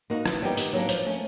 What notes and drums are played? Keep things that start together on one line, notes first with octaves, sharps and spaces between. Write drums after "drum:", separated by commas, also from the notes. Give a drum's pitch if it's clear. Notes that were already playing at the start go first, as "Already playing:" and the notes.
A#3 D#4 F#4
E3, drum: rim click
G3 B3 D#4 G4
D#3, drum: tambourine
F#3 A#3 D4
F3, drum: tambourine
A3 C#4